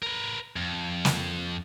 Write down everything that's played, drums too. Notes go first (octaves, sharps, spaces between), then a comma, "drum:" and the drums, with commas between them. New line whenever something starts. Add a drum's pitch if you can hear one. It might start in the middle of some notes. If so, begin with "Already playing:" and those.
A#4 B4
F2
drum: snare